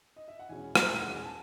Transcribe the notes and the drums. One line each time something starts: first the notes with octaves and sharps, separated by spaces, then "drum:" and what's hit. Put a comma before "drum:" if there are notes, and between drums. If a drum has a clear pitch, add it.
D#5
E5
F#5
E2 B2 G#3 C#4 G#5
A5, drum: rim click
E2 B2 G#3 C#4 F#5
G#5
A5